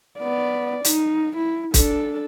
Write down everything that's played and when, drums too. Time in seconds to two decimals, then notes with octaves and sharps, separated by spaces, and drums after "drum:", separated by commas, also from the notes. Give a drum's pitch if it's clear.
0.19 B3 D5
0.84 D#4, drum: hi-hat
1.37 E4
1.74 D4 A4, drum: kick, hi-hat